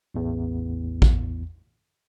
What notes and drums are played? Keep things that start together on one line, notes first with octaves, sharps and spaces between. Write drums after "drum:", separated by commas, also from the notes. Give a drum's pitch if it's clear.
A1 E2
drum: kick A1